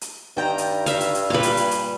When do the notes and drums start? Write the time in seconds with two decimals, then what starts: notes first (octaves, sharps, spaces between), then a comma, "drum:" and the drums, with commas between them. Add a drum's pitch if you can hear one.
0.01 drum: hi-hat
0.37 G2 D#3 G5 A#5
0.58 drum: hi-hat
0.86 E5 F5, drum: hi-hat
1.00 drum: hi-hat
1.15 drum: hi-hat
1.30 A#2 G3 B4 F5
1.43 drum: hi-hat
1.57 drum: hi-hat
1.71 drum: hi-hat